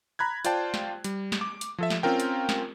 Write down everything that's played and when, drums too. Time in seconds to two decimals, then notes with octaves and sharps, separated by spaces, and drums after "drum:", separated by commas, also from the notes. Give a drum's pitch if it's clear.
0.19 A#5 B5 F#6 G#6
0.45 F4 C5 D5 G5 A5, drum: hi-hat
0.74 drum: snare
1.04 G3, drum: hi-hat
1.32 drum: snare
1.41 D6
1.61 drum: hi-hat
1.78 F3 A4 E5
1.90 drum: snare
2.03 C4 C#4 F4 A#4 G5
2.20 drum: hi-hat
2.49 drum: snare